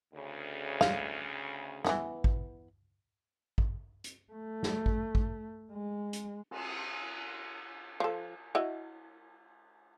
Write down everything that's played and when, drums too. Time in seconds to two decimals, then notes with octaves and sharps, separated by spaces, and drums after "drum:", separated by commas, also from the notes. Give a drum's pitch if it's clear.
0.14 D2 C#3
0.81 F5, drum: snare
1.85 E3 F3 B3, drum: snare
2.24 drum: kick G#1
3.58 drum: kick G#1
4.04 drum: hi-hat
4.33 A3
4.63 drum: snare
4.86 drum: kick G#1
5.15 drum: kick G#1
5.72 G#3
6.13 drum: hi-hat
6.51 drum: cymbal
8.00 F3 A4
8.55 E4 F#4 D#5